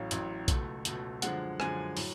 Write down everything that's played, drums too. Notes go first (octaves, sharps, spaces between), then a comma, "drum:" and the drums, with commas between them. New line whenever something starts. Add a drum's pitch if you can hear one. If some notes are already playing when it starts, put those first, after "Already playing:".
Already playing: A1 A2 F#3 C#4 F5
A1 A2 F#3 C#4, drum: hi-hat
C#2 B2 A3, drum: kick A#1, hi-hat
C#2 B2 A3, drum: hi-hat
F#2 D3 F3 G#3 F#5, drum: hi-hat
F#2 D3 F3 G#3 G#5, drum: rim click
A2 F#3, drum: open hi-hat